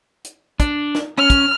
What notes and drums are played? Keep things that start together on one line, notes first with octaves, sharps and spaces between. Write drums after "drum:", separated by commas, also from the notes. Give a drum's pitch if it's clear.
drum: hi-hat
D4, drum: kick, hi-hat
drum: snare
C#4 F6
drum: kick, hi-hat